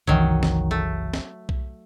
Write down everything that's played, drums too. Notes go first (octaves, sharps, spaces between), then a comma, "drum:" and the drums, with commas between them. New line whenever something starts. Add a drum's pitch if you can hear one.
F#1 C2 D#3 E3 F#3
drum: snare
A3
drum: snare
drum: kick B1